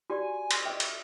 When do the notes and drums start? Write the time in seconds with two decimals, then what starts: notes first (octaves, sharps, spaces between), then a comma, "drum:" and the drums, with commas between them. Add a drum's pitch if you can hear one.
0.10 F#4 G4 D5 G#5
0.51 C6, drum: cymbal
0.65 D#5 E5 G5
0.80 drum: cymbal